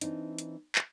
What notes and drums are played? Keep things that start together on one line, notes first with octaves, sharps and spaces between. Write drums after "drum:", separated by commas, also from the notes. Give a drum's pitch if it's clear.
E3 C4 D4 D#4, drum: hi-hat
drum: hi-hat
drum: clap